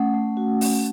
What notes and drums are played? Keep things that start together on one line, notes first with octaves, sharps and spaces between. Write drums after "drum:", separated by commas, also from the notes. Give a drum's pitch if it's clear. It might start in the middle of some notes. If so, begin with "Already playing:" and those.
Already playing: A3 C#4 F#5
A3
F#4
C#4, drum: open hi-hat